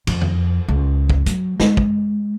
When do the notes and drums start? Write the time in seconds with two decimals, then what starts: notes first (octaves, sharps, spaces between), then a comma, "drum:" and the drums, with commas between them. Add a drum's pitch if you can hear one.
0.07 F2, drum: cymbal
0.21 drum: tom E2
0.68 C#2
1.10 drum: kick
1.26 F#3, drum: hi-hat
1.60 G#3, drum: snare
1.77 drum: kick